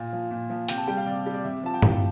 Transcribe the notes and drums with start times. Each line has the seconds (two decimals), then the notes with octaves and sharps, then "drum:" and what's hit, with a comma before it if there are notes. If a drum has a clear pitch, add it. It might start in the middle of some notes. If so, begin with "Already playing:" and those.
Already playing: A#2 F5
0.13 F3
0.31 A#2
0.50 F3
0.69 C3 G5, drum: hi-hat
0.78 A5
0.87 G3 G5
0.97 F5
1.06 C3 D5
1.26 G3
1.34 D5
1.45 C3 E5
1.64 F3 A5
1.74 G5
1.82 C3 F5, drum: tom G2